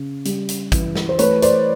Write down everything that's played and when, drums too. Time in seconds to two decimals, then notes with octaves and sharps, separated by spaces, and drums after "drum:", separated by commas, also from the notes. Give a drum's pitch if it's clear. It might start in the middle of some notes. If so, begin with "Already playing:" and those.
Already playing: C#3
0.25 G3, drum: hi-hat
0.49 drum: hi-hat
0.72 E3, drum: kick, hi-hat
0.96 drum: snare
1.09 C5
1.19 A3 B4 C#5, drum: hi-hat
1.42 C5 D5, drum: hi-hat